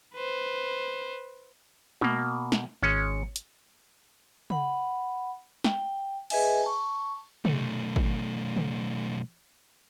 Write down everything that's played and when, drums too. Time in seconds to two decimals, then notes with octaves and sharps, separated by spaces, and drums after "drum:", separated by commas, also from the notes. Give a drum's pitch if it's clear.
0.14 B4 C5
2.01 B2 A#3, drum: tom
2.52 drum: snare
2.83 G#1 G#3 C#4 C#7
3.36 drum: hi-hat
4.50 F#5 B5, drum: tom C#3
5.64 G5, drum: snare
6.30 G#4 B4 D#5 E5 G#5, drum: cymbal
6.64 A5 C#6
7.45 B1 A3, drum: tom
7.96 drum: kick G#1
8.56 drum: tom C#3